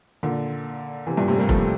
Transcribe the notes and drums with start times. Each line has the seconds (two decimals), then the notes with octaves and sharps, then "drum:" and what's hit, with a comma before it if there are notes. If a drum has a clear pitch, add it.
0.23 A#2 D3
1.07 C3 E3
1.17 G2 A#2
1.28 A2 C3
1.39 G3 A#3
1.49 F3 A3, drum: kick F1